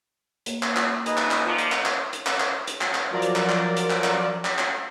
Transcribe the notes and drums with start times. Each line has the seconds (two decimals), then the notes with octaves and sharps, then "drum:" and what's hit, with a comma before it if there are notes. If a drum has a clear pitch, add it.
0.46 A#3, drum: hi-hat
0.63 drum: clap
0.76 drum: clap
1.06 D#4 B4 D#5 G#5, drum: hi-hat
1.17 drum: clap
1.31 drum: clap
1.45 F3 F4 A#4 D5
1.58 drum: hi-hat
1.72 drum: clap
1.86 drum: clap
2.13 drum: hi-hat
2.27 drum: clap
2.40 drum: clap
2.67 drum: hi-hat
2.81 drum: clap
2.95 drum: clap
3.11 F3 F#3 F4 A#4 D5
3.22 drum: hi-hat
3.36 drum: clap
3.49 drum: clap
3.77 drum: hi-hat
3.90 drum: clap
4.04 drum: clap
4.45 drum: clap
4.58 drum: clap